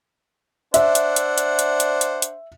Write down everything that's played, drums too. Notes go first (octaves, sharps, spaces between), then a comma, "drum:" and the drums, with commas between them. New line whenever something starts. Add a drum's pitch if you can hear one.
D4 C5 E5 F#5, drum: hi-hat
drum: hi-hat
drum: hi-hat
drum: hi-hat
drum: hi-hat
drum: hi-hat
drum: hi-hat
drum: hi-hat